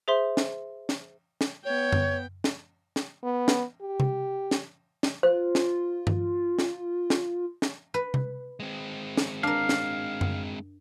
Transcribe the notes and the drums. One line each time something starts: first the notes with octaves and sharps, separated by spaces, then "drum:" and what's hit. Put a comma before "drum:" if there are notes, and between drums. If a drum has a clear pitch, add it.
G#4 C5 E5 C6
drum: snare
drum: snare
drum: snare
B3 C#5 G5
drum: tom F#2
drum: snare
drum: snare
B3
drum: snare
G4
drum: tom C3
drum: snare
drum: snare
F4 C5
drum: snare
drum: tom G2
drum: snare
drum: snare
drum: snare
B4
drum: tom C3
G#3 C4
drum: snare
D4 A#4 F5
drum: snare
drum: tom F#2